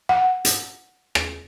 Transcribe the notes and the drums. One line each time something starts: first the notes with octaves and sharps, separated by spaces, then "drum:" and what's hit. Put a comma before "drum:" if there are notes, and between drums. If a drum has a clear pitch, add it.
F#5
drum: hi-hat
drum: rim click